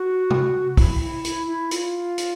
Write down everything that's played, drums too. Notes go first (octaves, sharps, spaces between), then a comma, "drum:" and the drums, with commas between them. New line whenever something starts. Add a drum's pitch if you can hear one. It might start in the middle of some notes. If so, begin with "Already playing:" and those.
Already playing: F#4
drum: tom C3
E4, drum: kick, open hi-hat
E4
E4, drum: hi-hat
E4
F4, drum: hi-hat
drum: hi-hat